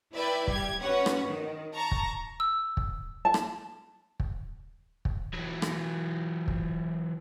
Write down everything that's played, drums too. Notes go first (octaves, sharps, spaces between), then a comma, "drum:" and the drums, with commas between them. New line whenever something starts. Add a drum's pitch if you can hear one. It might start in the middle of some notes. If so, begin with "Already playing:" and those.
E4 B4 D5 E5 G5 B5
G3 G4 G#6, drum: kick
C#4 F#4 B4 C#5 F#5
drum: rim click
D#3
A5 A#5 C#6 A#6
drum: kick
E6
drum: kick
A5
drum: rim click
drum: kick
drum: kick
E3 F#3
drum: rim click
drum: kick